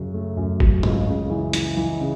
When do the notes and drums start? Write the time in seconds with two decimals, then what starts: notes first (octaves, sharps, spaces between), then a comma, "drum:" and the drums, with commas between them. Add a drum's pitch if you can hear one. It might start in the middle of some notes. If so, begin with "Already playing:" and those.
Already playing: F#2 C#3 F#3
0.14 A3
0.37 F#2
0.60 F#3, drum: kick G1
0.83 C#2, drum: tom
1.07 C#3
1.30 E3
1.53 E3, drum: hi-hat
1.77 E3
2.00 C#3